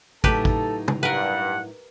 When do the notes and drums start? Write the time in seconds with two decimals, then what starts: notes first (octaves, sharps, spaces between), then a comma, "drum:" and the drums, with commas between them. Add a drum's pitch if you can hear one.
0.24 A2 F#3 D#4 G4 A4 B4 A5, drum: kick
0.45 drum: kick
0.88 drum: tom
1.03 G2 A#4 B4 F#5